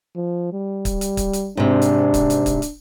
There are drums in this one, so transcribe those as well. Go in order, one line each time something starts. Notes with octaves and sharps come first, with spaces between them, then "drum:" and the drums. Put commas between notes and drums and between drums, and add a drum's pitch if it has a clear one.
F3
G3
drum: kick, hi-hat
drum: hi-hat
drum: kick, hi-hat
drum: hi-hat
G#2 C3 D4
drum: hi-hat
drum: kick, hi-hat
drum: hi-hat
drum: kick, hi-hat
drum: hi-hat